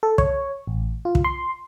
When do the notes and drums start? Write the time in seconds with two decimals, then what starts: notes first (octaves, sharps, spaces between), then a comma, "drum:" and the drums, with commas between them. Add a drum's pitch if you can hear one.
0.03 A4
0.18 C#5, drum: kick
0.67 A1
1.05 F4
1.15 drum: kick
1.24 C6